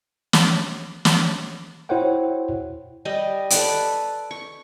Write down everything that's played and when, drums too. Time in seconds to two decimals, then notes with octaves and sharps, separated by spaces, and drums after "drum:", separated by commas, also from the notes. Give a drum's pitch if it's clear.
0.33 drum: snare
1.05 drum: snare
1.89 E4 F#4 C5 C#5 F#5 G5
3.05 G3 D#5
3.50 A4 B4 D5, drum: hi-hat
4.31 C#6